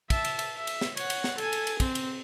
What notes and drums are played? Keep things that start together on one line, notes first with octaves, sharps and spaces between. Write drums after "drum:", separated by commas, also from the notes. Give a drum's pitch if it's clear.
E5 A5, drum: kick, cymbal
drum: cymbal
drum: cymbal
E5
drum: cymbal
drum: snare
C#5 F#5, drum: cymbal
drum: cymbal
drum: snare
A4 G#5, drum: cymbal
drum: cymbal
drum: cymbal
C4, drum: kick, cymbal
drum: cymbal